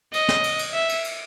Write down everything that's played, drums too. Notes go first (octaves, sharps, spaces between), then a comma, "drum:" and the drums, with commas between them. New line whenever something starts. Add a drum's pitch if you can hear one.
D#5, drum: cymbal
drum: snare
drum: cymbal
drum: cymbal
E5
drum: cymbal
drum: cymbal